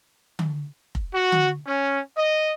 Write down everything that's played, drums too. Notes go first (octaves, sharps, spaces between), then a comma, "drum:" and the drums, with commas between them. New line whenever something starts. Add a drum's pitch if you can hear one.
drum: tom D3
drum: kick F1
F#4
drum: tom D3
C#4
D#5